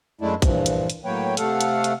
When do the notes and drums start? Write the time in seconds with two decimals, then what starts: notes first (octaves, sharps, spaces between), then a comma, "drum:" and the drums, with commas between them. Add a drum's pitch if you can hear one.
0.21 F#2 G#3 A3 D4 E4
0.42 G2 A#2 E3 F3, drum: kick, hi-hat
0.66 drum: hi-hat
0.90 drum: hi-hat
1.05 A2 F#3 A#3 B4 C#5 G5
1.37 C3 A3 A4 F5 F#5, drum: hi-hat
1.61 drum: hi-hat
1.84 drum: hi-hat